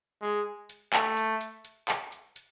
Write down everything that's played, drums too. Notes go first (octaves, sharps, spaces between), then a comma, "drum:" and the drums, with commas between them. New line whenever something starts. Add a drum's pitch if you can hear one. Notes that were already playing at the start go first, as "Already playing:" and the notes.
G#3
drum: hi-hat
A3, drum: clap
drum: hi-hat
drum: hi-hat
drum: hi-hat
drum: clap
drum: hi-hat
drum: hi-hat